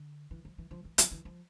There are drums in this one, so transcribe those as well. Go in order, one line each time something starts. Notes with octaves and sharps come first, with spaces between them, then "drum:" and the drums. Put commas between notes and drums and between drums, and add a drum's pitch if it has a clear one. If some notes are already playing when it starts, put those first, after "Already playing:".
Already playing: D3
E3
F3
E3
F3
E3
F3, drum: hi-hat
E3
F3